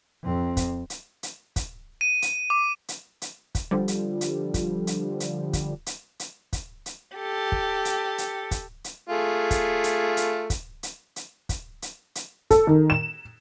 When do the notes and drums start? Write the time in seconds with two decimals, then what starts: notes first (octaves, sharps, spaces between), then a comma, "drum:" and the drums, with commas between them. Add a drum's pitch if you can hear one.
0.23 F2 C4
0.57 drum: kick, hi-hat
0.90 drum: hi-hat
1.23 drum: hi-hat
1.56 drum: kick, hi-hat
2.01 D#7
2.22 drum: hi-hat
2.50 D6
2.88 drum: hi-hat
3.22 drum: hi-hat
3.55 drum: kick, hi-hat
3.71 D3 F3 G3
3.88 drum: hi-hat
4.21 drum: hi-hat
4.54 drum: kick, hi-hat
4.87 drum: hi-hat
5.20 drum: hi-hat
5.53 drum: kick, hi-hat
5.86 drum: hi-hat
6.20 drum: hi-hat
6.53 drum: kick, hi-hat
6.86 drum: hi-hat
7.15 G4 A4
7.52 drum: kick
7.85 drum: hi-hat
8.18 drum: hi-hat
8.51 drum: kick, hi-hat
8.84 drum: hi-hat
9.09 A3 F4 G#4
9.51 drum: kick, hi-hat
9.84 drum: hi-hat
10.17 drum: hi-hat
10.50 drum: kick, hi-hat
10.83 drum: hi-hat
11.16 drum: hi-hat
11.49 drum: kick, hi-hat
11.82 drum: hi-hat
12.15 drum: hi-hat
12.51 A4, drum: kick, hi-hat
12.67 D#3
12.90 E7